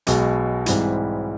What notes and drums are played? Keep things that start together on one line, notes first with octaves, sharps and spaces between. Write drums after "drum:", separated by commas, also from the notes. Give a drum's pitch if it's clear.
B1 B2 G#3, drum: hi-hat
G#2 E3 G3 C4 E4, drum: hi-hat